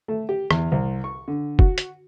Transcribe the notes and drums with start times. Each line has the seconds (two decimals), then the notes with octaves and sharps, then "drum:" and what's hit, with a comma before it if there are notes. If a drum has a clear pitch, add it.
0.08 A3
0.29 G4
0.51 E2, drum: rim click
0.72 C2
1.04 C#6
1.28 D3
1.59 F#4, drum: kick
1.78 drum: hi-hat